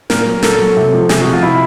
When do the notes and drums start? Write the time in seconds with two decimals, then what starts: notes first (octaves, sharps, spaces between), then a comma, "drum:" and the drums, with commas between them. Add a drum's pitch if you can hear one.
0.10 A#2 A#4, drum: snare
0.26 F#3
0.43 A#2 A4, drum: snare
0.59 F#3
0.77 C3
0.94 F3
1.09 C3 G#4, drum: snare
1.21 F#4
1.27 F3
1.32 F4
1.43 C3 E4